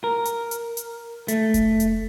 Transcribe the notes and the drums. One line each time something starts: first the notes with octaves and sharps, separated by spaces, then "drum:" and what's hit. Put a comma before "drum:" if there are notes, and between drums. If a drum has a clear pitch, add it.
A#4
drum: hi-hat
drum: hi-hat
drum: hi-hat
A3, drum: hi-hat
drum: kick F1, hi-hat
drum: hi-hat